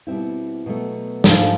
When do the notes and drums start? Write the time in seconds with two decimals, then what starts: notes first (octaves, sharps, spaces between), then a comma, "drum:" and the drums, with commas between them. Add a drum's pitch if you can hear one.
0.07 B2 G3 C4 E4
0.66 B2 F#3 A3
1.24 G#2 F3 A3 D4 F4, drum: snare